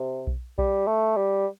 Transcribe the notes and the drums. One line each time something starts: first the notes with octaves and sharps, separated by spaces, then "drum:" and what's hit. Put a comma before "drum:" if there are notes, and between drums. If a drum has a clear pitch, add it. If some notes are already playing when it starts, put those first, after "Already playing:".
Already playing: C3
drum: kick B1
G3, drum: kick B1
A3
G3